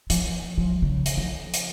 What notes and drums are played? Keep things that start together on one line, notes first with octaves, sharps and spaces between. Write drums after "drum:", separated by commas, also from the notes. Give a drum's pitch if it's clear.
F3, drum: hi-hat
F3
C#3
drum: hi-hat
F3
drum: hi-hat